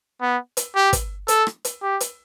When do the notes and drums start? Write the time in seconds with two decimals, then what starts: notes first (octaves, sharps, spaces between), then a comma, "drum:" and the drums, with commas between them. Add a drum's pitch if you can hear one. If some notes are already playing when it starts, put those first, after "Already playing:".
0.21 B3
0.57 drum: hi-hat
0.75 G4
0.93 drum: kick, hi-hat
1.28 A4, drum: hi-hat
1.47 drum: rim click
1.65 drum: hi-hat
1.82 G4
2.00 drum: hi-hat